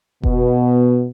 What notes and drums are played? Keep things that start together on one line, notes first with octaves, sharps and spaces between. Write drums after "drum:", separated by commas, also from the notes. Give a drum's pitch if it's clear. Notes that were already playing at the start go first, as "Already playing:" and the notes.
B2, drum: kick F1